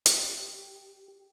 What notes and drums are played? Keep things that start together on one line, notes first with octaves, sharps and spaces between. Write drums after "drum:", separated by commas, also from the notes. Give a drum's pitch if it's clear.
G4, drum: hi-hat